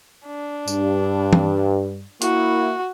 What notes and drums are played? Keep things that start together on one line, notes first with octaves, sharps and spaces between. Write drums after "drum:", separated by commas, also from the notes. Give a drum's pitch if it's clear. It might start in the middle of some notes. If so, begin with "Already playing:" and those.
D4
G2, drum: tambourine
drum: tom E3
A#3 E4 F#4, drum: hi-hat